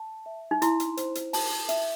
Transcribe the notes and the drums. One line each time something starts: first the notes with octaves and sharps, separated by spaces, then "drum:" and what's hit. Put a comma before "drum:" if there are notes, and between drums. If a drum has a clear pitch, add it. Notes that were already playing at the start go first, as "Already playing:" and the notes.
Already playing: A5
E5
D#4
E4 C6, drum: hi-hat
drum: hi-hat
C5, drum: hi-hat
drum: hi-hat
A5, drum: open hi-hat
E5, drum: hi-hat